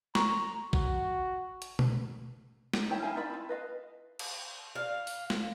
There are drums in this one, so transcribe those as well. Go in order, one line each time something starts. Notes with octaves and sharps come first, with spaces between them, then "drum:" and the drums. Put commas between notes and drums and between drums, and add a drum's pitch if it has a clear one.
A#5 C6 C#6, drum: snare
F#4, drum: kick A1
drum: hi-hat
drum: tom B2
D#4, drum: snare
D#4 E4 C#5 G5
D#4 E4 F5 G#5
D#4 D5 E5 B5
E4 F4
B4 D#5 F5
drum: cymbal
F5
drum: open hi-hat
drum: snare